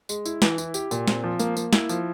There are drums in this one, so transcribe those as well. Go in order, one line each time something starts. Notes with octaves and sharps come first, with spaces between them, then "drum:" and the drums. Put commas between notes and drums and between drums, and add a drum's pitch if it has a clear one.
G#3, drum: tambourine
E4, drum: tambourine
E3, drum: snare
E4, drum: tambourine
G4, drum: tambourine
A#2, drum: tambourine
C4, drum: snare
F3
A#3, drum: tambourine
A#3, drum: tambourine
E4, drum: snare
F3, drum: tambourine